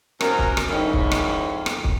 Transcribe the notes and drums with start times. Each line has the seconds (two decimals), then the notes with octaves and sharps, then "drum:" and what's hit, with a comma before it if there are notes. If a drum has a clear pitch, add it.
0.21 F#2 C3 D#3 A#4, drum: rim click
0.39 drum: kick
0.57 drum: rim click
0.68 F2 G#2 A#3 C#4 D#4 E4
0.93 drum: kick
1.11 drum: rim click
1.66 drum: rim click
1.84 drum: kick